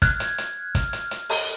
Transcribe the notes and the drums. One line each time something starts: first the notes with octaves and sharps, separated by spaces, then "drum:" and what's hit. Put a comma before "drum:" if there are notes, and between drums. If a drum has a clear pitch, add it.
F6 F#6 G#6, drum: kick, hi-hat
drum: hi-hat
drum: hi-hat
drum: kick, hi-hat
drum: hi-hat
drum: hi-hat
drum: open hi-hat